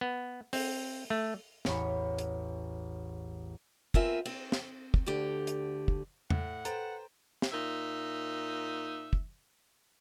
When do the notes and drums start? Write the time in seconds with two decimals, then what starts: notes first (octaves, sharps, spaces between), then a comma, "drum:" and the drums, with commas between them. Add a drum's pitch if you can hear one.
0.01 B3
0.53 C4, drum: open hi-hat
1.10 A3
1.65 A1 E2 C#5 B5 C#7, drum: snare
2.19 drum: hi-hat
3.94 B3 C4 F4 A#4 E5 G#5, drum: kick
4.25 C4, drum: cymbal
4.52 drum: snare
4.94 drum: kick
5.06 D2 D3 G4
5.47 drum: hi-hat
5.88 drum: kick
6.30 A2 F#5, drum: tom E2
6.65 A4 B4 C5 G5 A#5, drum: hi-hat
7.42 drum: snare
7.52 A#2 D#4 E5
9.13 drum: kick